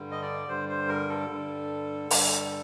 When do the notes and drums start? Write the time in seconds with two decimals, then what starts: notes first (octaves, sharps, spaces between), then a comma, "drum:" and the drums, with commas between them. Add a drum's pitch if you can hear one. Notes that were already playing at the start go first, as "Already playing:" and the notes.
Already playing: G2 D3 G3
0.11 D#5
0.22 D5
0.48 G2 D3 G3 C5
0.69 C5
0.88 A#4
1.09 A4
1.29 G2 D3 G3
2.11 G2 D3 G3, drum: open hi-hat